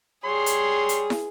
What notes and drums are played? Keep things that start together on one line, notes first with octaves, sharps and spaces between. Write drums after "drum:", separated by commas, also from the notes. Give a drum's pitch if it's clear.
G3 G#4 C#5 C6
drum: hi-hat
drum: hi-hat
drum: snare